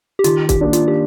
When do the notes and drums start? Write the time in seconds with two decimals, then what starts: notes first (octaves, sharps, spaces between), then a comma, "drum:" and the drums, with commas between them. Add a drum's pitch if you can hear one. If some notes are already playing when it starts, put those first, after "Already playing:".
0.19 G4
0.24 D#3 F4, drum: hi-hat
0.49 G4, drum: kick, hi-hat
0.61 A#3 D4
0.73 F4, drum: hi-hat
0.88 G4